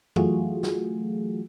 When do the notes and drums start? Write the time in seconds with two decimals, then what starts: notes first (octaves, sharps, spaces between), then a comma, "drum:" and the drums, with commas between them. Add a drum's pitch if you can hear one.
0.16 E3 F#3 A3 F4 F#4 G#4, drum: tom F2
0.63 drum: snare